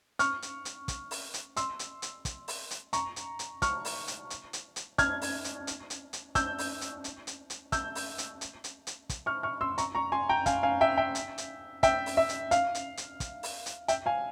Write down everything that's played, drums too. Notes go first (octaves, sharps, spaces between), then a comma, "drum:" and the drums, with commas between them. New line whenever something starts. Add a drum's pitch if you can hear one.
C#6 F6, drum: hi-hat
drum: hi-hat
drum: hi-hat
drum: kick, hi-hat
drum: open hi-hat
drum: hi-hat
C6 E6, drum: hi-hat
drum: hi-hat
drum: hi-hat
drum: kick, hi-hat
drum: open hi-hat
drum: hi-hat
A#5 C#6, drum: hi-hat
drum: hi-hat
drum: hi-hat
C#6 F6, drum: kick, hi-hat
drum: open hi-hat
drum: hi-hat
drum: hi-hat
drum: hi-hat
drum: hi-hat
F6 G#6, drum: kick, hi-hat
drum: open hi-hat
drum: hi-hat
drum: hi-hat
drum: hi-hat
drum: hi-hat
E6 G6, drum: kick, hi-hat
drum: open hi-hat
drum: hi-hat
drum: hi-hat
drum: hi-hat
drum: hi-hat
E6 G6, drum: kick, hi-hat
drum: open hi-hat
drum: hi-hat
drum: hi-hat
drum: hi-hat
drum: hi-hat
drum: kick, hi-hat
C#6 F6
C#6 F6
C6 E6
A#5 C#6, drum: hi-hat
A#5 C#6
G#5 C6
G5 A#5
F5 G#5, drum: kick, hi-hat
F5 G#5
E5 G5
E5 G5
drum: hi-hat
drum: hi-hat
E5 G5, drum: kick, hi-hat
drum: open hi-hat
E5
drum: hi-hat
F5, drum: hi-hat
drum: hi-hat
drum: hi-hat
drum: kick, hi-hat
drum: open hi-hat
drum: hi-hat
E5 G5, drum: hi-hat
F5 G#5